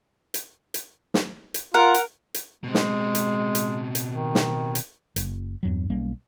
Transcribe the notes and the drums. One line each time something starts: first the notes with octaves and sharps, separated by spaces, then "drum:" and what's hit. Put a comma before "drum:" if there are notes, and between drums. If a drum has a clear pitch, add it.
drum: hi-hat
drum: hi-hat
drum: snare
drum: hi-hat
F4 A#4 F#5
drum: hi-hat
drum: hi-hat
B2 G#3 C4
drum: snare
drum: hi-hat
drum: hi-hat
drum: hi-hat
D#3
drum: snare
drum: hi-hat
F#1, drum: hi-hat
E2 G2 F#3
B1 G3 A#3 C#4